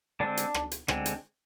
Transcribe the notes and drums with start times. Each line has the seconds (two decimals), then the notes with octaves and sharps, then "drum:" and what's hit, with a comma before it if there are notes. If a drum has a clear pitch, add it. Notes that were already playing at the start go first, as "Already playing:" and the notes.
0.20 D3 G#3 C4 D4
0.37 drum: hi-hat
0.54 drum: rim click
0.71 drum: hi-hat
0.88 D3 G#3 C4, drum: rim click
1.06 drum: hi-hat